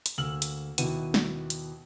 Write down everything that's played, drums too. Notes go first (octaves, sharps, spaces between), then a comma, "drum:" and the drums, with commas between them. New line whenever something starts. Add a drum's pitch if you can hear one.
drum: hi-hat
D2 A#3 E6 F6 F#7
drum: hi-hat
D#2 B2 B3 E4 F#5 D#7, drum: hi-hat
drum: snare
drum: hi-hat